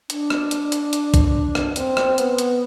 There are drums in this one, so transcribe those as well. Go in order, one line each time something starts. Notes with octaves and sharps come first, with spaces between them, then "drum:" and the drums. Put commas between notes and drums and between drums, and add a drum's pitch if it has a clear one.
D4, drum: hi-hat
drum: rim click
drum: hi-hat
drum: hi-hat
drum: hi-hat
drum: kick, hi-hat
drum: rim click
C4, drum: hi-hat
drum: rim click
B3, drum: hi-hat
drum: hi-hat